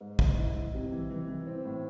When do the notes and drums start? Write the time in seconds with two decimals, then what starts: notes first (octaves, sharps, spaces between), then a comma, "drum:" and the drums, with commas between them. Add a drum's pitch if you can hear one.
0.01 G#2
0.19 G#2, drum: kick
0.38 E4
0.55 E4
0.74 C3
0.92 E3
1.10 E3
1.29 E3
1.47 C4
1.65 A2